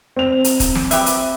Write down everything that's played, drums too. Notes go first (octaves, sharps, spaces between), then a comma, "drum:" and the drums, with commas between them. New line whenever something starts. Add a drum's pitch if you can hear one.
C4 F7
drum: hi-hat
drum: kick, hi-hat
drum: snare
G4 B4 E5, drum: hi-hat
drum: hi-hat